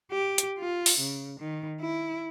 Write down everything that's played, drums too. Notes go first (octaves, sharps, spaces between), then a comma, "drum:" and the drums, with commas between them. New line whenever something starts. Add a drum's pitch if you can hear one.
G4
drum: hi-hat
F4
drum: open hi-hat
C#3
D#3
E4